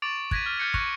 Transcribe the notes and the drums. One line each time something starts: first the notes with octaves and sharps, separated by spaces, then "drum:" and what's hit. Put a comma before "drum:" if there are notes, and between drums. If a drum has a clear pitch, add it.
C#6 D6 A6 D7 F7 F#7
F#6 G#6 A#6 B6 D#7, drum: kick
F6
F6 G6 A6 A#6 C#7
C#6 F#6 A#6 F7, drum: kick